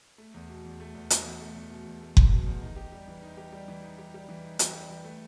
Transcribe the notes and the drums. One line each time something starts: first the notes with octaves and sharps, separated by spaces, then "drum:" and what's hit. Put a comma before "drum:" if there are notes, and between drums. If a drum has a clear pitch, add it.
A3
E2
B2
E2
A3
E2
B2, drum: hi-hat
E2
A3
E2
B2
E2
A3
E2, drum: kick F#1
B2
E2
D#4
G4
G3
E3
D#4
G4
G3
E3
D#4
G4
G3
E3
D#4
G4, drum: hi-hat
G3
E3
A3